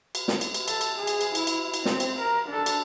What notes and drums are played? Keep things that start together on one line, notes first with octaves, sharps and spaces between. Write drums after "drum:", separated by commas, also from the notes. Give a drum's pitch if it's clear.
drum: cymbal
drum: snare
drum: cymbal
drum: cymbal
A4, drum: cymbal
drum: cymbal
G#4
drum: cymbal
drum: cymbal
E4, drum: cymbal
drum: cymbal
drum: cymbal
C4, drum: snare
drum: cymbal
A#4
D4 A4
drum: cymbal